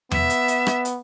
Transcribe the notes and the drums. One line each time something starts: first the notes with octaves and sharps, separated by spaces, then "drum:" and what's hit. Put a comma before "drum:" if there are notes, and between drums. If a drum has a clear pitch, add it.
B3 E5, drum: tom E2
drum: hi-hat
drum: hi-hat
drum: rim click
drum: hi-hat